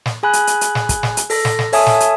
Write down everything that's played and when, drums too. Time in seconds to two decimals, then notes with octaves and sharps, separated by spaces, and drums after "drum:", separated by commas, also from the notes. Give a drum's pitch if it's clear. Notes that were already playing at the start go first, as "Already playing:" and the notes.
0.06 drum: snare
0.23 G#4 G#5 B5 F#6
0.33 drum: hi-hat
0.47 drum: hi-hat
0.61 drum: hi-hat
0.75 drum: snare
0.89 drum: kick, hi-hat
1.03 drum: snare
1.17 drum: hi-hat
1.30 A4 A#6, drum: open hi-hat
1.45 drum: snare
1.59 drum: snare
1.73 A4 C#5 E5 G#5 A5 D#6, drum: open hi-hat
1.86 drum: snare
2.00 drum: hi-hat